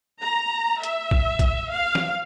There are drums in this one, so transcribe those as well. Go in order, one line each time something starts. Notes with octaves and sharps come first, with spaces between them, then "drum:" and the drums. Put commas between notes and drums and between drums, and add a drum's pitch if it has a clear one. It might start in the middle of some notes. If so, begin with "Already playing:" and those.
A#5
E5, drum: hi-hat
drum: kick A#1
drum: kick A#1, hi-hat
F5
drum: snare